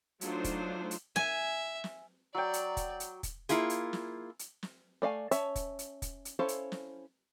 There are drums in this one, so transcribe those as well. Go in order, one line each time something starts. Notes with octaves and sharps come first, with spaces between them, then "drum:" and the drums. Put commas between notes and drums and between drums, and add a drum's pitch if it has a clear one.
F#3 A3 D4 D#4 F4 C5, drum: hi-hat
drum: kick, hi-hat
drum: hi-hat
E5 G#5, drum: snare
drum: snare
F#3 D5 G5
drum: hi-hat
drum: kick, hi-hat
drum: hi-hat
drum: kick, hi-hat
A#3 E4 F4 G#4, drum: hi-hat
drum: hi-hat
drum: snare
drum: hi-hat
drum: snare
A3 D5 F5 G#5
C#4 C#5 E5 A5, drum: hi-hat
drum: kick, hi-hat
drum: hi-hat
drum: kick, hi-hat
drum: hi-hat
C#4 E4 A4 C5 F5
drum: hi-hat
drum: snare